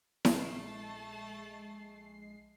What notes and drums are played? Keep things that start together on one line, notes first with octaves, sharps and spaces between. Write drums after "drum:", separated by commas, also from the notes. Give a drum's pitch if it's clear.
A#1 G#3 A3 A5 C7, drum: snare E4